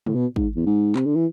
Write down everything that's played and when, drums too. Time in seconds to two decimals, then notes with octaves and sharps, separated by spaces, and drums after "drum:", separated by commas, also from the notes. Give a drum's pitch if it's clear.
0.07 A2, drum: tom
0.15 B2
0.36 G#2, drum: kick
0.56 E2
0.66 G#2
0.96 C3, drum: clap
1.06 D3
1.16 E3